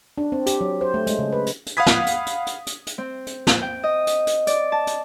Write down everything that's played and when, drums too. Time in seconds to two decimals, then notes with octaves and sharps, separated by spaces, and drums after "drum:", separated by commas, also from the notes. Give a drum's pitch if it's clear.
0.18 D4
0.32 C4
0.46 G4, drum: hi-hat
0.61 F#3
0.81 C5
0.94 A3
1.07 G#3, drum: hi-hat
1.19 C#3
1.33 B4
1.46 drum: hi-hat
1.66 drum: hi-hat
1.77 F5 F#5 B5 D#6 G#6 B6
1.86 drum: snare
2.06 drum: hi-hat
2.27 drum: hi-hat
2.47 drum: hi-hat
2.67 drum: hi-hat
2.87 drum: hi-hat
2.98 C4
3.27 drum: hi-hat
3.47 drum: snare
3.61 G5
3.83 D#5
4.07 drum: hi-hat
4.27 drum: hi-hat
4.47 D5, drum: hi-hat
4.72 A5
4.87 drum: hi-hat